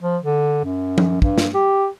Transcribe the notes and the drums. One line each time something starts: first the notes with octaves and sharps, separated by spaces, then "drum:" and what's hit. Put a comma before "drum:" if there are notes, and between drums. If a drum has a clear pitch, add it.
F3
D3
F#2
drum: tom F3
G2, drum: kick
drum: snare
G4